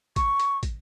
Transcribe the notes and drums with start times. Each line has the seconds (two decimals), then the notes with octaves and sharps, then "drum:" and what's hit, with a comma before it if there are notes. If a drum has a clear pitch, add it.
0.16 C#6, drum: kick, hi-hat
0.40 drum: hi-hat
0.63 drum: kick, hi-hat